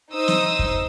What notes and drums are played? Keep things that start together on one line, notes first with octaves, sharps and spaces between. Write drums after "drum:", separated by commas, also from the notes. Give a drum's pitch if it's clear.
D#4 C5 D#6 E6
drum: snare
drum: kick